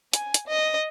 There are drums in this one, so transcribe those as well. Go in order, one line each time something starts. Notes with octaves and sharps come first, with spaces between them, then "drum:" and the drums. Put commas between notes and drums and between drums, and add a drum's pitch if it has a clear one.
G#5, drum: hi-hat
drum: hi-hat
D#5